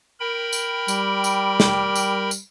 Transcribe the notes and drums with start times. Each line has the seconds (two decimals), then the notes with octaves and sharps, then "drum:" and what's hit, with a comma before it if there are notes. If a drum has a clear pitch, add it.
0.20 A#4 G5 B5
0.53 drum: tambourine
0.88 G3, drum: tambourine
1.24 drum: tambourine
1.60 drum: snare
1.95 drum: tambourine
2.31 drum: tambourine